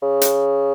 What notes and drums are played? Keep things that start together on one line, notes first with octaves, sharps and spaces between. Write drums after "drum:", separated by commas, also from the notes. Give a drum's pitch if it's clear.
C#3
drum: hi-hat